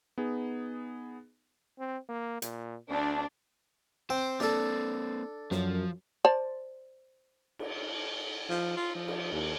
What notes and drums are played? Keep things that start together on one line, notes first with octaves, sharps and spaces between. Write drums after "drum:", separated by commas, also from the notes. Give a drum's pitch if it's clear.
B3 D#4 G#4
C4
A#3
A#2, drum: hi-hat
D2 D4
C4 C5 G5
A#3 C4 D4 A4, drum: snare
F#2 F3, drum: snare
C5 D5 A5
drum: cymbal
F3
F4
F3
drum: cymbal
D#2